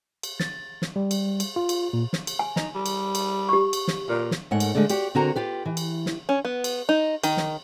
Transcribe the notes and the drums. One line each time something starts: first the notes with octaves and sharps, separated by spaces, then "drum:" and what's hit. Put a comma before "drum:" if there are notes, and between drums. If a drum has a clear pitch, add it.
drum: cymbal
A6, drum: snare
drum: snare
G3
drum: cymbal
drum: cymbal
F4
drum: cymbal
A#2
drum: snare
drum: cymbal
G#5
D#4, drum: snare
G3
drum: cymbal
drum: cymbal
G4 C#6
drum: cymbal
drum: snare
A#2
drum: snare
G#2 A3 A#4 C#5 F#5
drum: cymbal
D3 G#3 A3 D4
F#4 G4 D5, drum: cymbal
D3 C4 F#4 A#4 A#5
F4 G4 B4
E3
drum: cymbal
drum: snare
C#4
B3
drum: cymbal
D#4
D#3, drum: cymbal
drum: snare